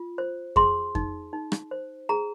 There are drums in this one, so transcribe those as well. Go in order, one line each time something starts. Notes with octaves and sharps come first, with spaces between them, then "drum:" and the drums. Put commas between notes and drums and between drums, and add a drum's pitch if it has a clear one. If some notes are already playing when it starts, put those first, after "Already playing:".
Already playing: F4
C5
G#4 C6, drum: kick F2
D#4, drum: kick F2
D#4
drum: rim click
C5
G#4 A#5